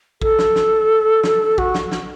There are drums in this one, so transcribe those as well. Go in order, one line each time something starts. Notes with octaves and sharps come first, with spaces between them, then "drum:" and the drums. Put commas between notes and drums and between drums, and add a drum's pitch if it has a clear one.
A4, drum: kick
drum: snare
drum: snare
drum: snare
F#4, drum: kick
drum: snare
drum: snare